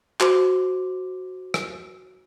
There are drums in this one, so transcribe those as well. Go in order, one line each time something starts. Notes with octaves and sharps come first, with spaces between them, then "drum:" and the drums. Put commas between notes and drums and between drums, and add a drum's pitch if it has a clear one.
F#4 C5 C6 D6, drum: clap
drum: rim click